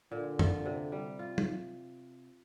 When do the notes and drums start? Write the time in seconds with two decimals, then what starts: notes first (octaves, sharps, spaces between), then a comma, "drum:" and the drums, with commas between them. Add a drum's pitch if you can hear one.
0.12 A#2 D3
0.39 F4, drum: tom
0.66 C3
0.92 G3
1.19 F4
1.38 drum: tom